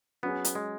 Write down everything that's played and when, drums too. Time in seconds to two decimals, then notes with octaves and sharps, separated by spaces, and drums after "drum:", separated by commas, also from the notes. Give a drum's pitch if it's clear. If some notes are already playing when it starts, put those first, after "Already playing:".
0.23 F#3 B3 C#4 G#4
0.45 drum: hi-hat
0.55 G#3